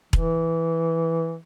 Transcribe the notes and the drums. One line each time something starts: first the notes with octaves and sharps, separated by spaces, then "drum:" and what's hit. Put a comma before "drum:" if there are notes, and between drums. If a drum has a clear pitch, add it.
E3, drum: kick E1